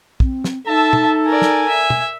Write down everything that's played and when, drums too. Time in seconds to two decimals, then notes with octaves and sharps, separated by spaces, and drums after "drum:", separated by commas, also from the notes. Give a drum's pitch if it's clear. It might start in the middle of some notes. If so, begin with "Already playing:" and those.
0.20 C4, drum: kick
0.44 drum: snare
0.67 D#4 A4 E5 A5
0.93 drum: tom
1.26 A#4 D5 G#5
1.42 drum: snare
1.69 E5
1.90 drum: tom